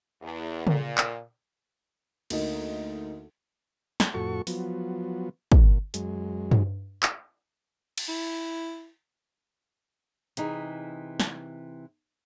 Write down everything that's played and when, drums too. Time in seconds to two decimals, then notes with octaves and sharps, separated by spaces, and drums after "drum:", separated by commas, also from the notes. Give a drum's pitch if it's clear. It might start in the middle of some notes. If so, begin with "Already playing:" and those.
0.22 E2
0.67 A#2, drum: tom C#3
0.98 drum: clap
2.30 D2 A#3 D#4, drum: cymbal
4.00 drum: snare
4.14 F2 A2 F#4 A4 C#6
4.47 F3 F#3 B3, drum: open hi-hat
5.52 A#2, drum: kick
5.94 F#2 G#3, drum: hi-hat
6.51 drum: tom G2
7.03 drum: clap
7.98 drum: cymbal
8.08 E4
10.37 C3 E3 D#4 G#4, drum: hi-hat
11.20 drum: snare